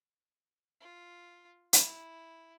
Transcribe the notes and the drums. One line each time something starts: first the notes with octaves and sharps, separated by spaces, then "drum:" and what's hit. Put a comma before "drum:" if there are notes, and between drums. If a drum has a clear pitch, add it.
F4
E4, drum: hi-hat